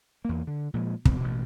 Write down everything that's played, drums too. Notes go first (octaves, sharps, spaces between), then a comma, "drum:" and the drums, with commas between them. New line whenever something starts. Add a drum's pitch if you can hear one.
E2 A#3
D3
A#2 F3 G3 G#3
C#2 B2 C4, drum: kick
A1 B2